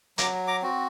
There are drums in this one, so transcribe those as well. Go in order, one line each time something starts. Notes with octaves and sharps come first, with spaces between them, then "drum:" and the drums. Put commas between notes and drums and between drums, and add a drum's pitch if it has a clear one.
F#3 A#5 D6, drum: hi-hat
A#5 D6
C4 F#4